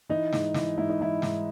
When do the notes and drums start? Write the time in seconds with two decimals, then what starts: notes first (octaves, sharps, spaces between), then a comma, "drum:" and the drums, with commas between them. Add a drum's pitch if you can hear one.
0.09 E3 D#4
0.33 G#2, drum: snare
0.54 E3, drum: snare
0.78 G#2 E4
0.89 D#4
1.01 E3 E4
1.22 G#2, drum: snare